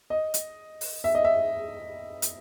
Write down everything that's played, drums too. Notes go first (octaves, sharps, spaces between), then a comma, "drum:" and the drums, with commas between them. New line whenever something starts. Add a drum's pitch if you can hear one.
D#5
drum: hi-hat
drum: open hi-hat
E5
D#5
E5
drum: hi-hat